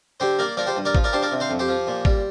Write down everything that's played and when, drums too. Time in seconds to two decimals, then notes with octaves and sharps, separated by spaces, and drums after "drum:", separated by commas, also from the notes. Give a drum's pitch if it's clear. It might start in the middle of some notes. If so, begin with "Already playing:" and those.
0.20 D3 G4 C5
0.39 A#3 A#4 D5
0.57 F3 A#4 D5
0.66 G4 C5
0.76 G2
0.85 A#4 D5
0.95 F3, drum: kick
1.04 A#4 D5
1.13 D4 G4 C5
1.22 A#4 D5
1.31 C3
1.40 C5 F5
1.50 F2
1.59 G4 C5
1.68 F3
1.87 A#2
2.05 G3, drum: kick